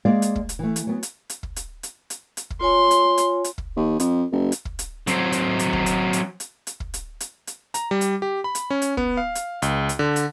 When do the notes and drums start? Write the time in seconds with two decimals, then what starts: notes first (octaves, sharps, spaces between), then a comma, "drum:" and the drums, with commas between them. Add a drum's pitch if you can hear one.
0.05 G#3 A#3 G#4 D5 F5
0.22 drum: hi-hat
0.36 drum: kick
0.49 drum: hi-hat
0.59 E3 A3
0.76 drum: hi-hat
0.87 F#3 B3
1.03 drum: hi-hat
1.30 drum: hi-hat
1.43 drum: kick
1.56 drum: hi-hat
1.83 drum: hi-hat
2.10 drum: hi-hat
2.37 drum: hi-hat
2.50 drum: kick
2.61 F4 C#5 G#5 C6
2.91 drum: hi-hat
3.18 drum: hi-hat
3.44 drum: hi-hat
3.58 drum: kick
3.77 D#2
4.00 F2, drum: hi-hat
4.32 F#1
4.52 drum: hi-hat
4.65 drum: kick
4.79 drum: hi-hat
5.07 F#3 C4, drum: hi-hat
5.32 drum: hi-hat
5.59 drum: hi-hat
5.73 drum: kick
5.86 drum: hi-hat
6.13 drum: hi-hat
6.40 drum: hi-hat
6.67 drum: hi-hat
6.80 drum: kick
6.94 drum: hi-hat
7.20 drum: hi-hat
7.47 drum: hi-hat
7.74 A#5, drum: hi-hat
7.91 G3
8.01 drum: hi-hat
8.22 G4
8.44 B5
8.55 drum: hi-hat
8.70 C#4
8.82 drum: hi-hat
8.97 B3, drum: kick
9.17 F5
9.35 drum: hi-hat
9.62 C#2, drum: hi-hat
9.89 drum: hi-hat
9.99 D3
10.16 drum: hi-hat